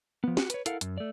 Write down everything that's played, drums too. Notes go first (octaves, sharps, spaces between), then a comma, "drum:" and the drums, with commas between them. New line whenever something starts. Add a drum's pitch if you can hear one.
F3 B3
F#4 G4, drum: snare
B4 C#5, drum: hi-hat
E4 A4 A#4 F5 F#5, drum: hi-hat
F#2, drum: hi-hat
A3 D5